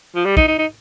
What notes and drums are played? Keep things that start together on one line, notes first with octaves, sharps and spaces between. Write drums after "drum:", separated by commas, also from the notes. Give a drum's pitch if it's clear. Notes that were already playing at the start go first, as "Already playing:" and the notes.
F3
G3
D#4, drum: kick
D#4
D#4